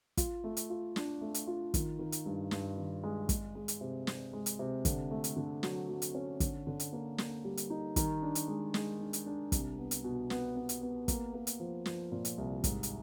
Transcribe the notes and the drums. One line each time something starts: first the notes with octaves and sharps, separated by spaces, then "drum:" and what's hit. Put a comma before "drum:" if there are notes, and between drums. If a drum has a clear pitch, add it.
F4, drum: kick, hi-hat
A3
drum: hi-hat
F4
D4, drum: snare
A3
drum: hi-hat
F4
D#3, drum: kick, hi-hat
D#3
drum: hi-hat
G2
G2, drum: snare
D#3
G#3
G#3, drum: kick, hi-hat
G#3
drum: hi-hat
C3
C3, drum: snare
G#3
drum: hi-hat
C3
D3, drum: kick, hi-hat
A3
drum: hi-hat
D3
F#3, drum: snare
F#3
drum: hi-hat
C#4
D3, drum: kick, hi-hat
D3
drum: hi-hat
A#3
A#3, drum: snare
G3
drum: hi-hat
D#4
D#3, drum: kick, hi-hat
D4
drum: hi-hat
G#3
G#3, drum: snare
D4
drum: hi-hat
D4
C2, drum: kick, hi-hat
B3
drum: hi-hat
B2
B3, drum: snare
B3
drum: hi-hat
B3
A#3, drum: kick, hi-hat
A#3
drum: hi-hat
F3
F3, drum: snare
A#2
drum: hi-hat
C2
G#2, drum: kick, hi-hat
drum: hi-hat